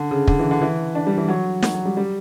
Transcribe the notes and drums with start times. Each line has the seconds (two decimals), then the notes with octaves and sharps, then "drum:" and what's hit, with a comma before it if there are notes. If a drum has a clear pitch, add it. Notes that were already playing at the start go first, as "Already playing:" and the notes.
Already playing: D3
0.11 C#3
0.27 D3, drum: kick
0.39 E3
0.51 D3
0.62 E3
0.95 D4
1.07 G3
1.18 E3
1.29 F#3
1.62 F#3, drum: snare
1.74 F#3
1.86 G3
1.97 G3